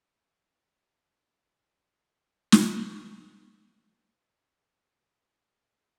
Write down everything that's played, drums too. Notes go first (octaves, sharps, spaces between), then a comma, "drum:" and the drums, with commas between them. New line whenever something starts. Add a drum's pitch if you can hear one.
A#2 A3 C4 D#5
D5
D#5
D5
A#2 G3 A#3 D4
drum: snare
D3 F3 C4 A#5 D6
D6 F6
C6 D#6
D6
C6 D#6
G6
A2 G3 C4 D6 F6
C6 D#6